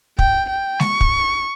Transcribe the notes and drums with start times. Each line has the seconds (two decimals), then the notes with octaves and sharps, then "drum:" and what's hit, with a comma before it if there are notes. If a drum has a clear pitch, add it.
0.19 G5, drum: kick
0.50 G5
0.80 C#6, drum: snare G#3
1.01 drum: kick